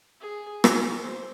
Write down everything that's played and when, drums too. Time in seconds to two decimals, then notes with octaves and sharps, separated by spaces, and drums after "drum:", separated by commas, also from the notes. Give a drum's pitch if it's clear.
0.21 G#4
0.64 G#5, drum: rim click
1.01 C5